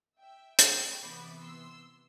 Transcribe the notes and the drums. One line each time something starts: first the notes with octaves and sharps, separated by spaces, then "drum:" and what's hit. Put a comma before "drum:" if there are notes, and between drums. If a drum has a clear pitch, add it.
E5 G5
G5 B5, drum: hi-hat
C3 E3 B3 B5 D6
C6 E6